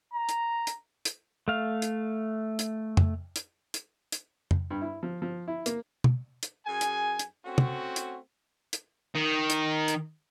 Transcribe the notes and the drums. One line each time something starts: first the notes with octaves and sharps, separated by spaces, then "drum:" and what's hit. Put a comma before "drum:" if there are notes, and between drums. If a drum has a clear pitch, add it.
A#5
drum: hi-hat
drum: hi-hat
drum: hi-hat
A3 F5
drum: hi-hat
drum: hi-hat
drum: tom F2
drum: hi-hat
drum: hi-hat
drum: hi-hat
drum: tom F2
G2
E4
F3
F3
E4
A#3, drum: hi-hat
drum: tom B2
drum: hi-hat
F#2 G#4 G#5
drum: hi-hat
drum: hi-hat
A3 C4 C#4 F#4
drum: tom
drum: hi-hat
drum: hi-hat
D#3
drum: hi-hat
drum: hi-hat